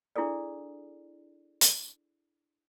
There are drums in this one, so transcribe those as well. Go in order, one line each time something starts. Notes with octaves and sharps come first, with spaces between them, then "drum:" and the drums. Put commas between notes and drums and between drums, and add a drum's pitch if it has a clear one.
D4 E4 G#4 A4 D5
drum: hi-hat